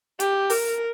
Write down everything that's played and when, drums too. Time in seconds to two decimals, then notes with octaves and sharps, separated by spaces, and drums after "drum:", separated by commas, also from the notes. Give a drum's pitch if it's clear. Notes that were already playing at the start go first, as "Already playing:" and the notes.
0.20 G4, drum: hi-hat
0.50 A#4, drum: open hi-hat